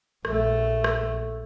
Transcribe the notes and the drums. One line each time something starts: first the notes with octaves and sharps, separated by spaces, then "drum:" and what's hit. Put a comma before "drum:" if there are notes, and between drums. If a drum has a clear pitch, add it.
A#1 A3, drum: rim click
drum: rim click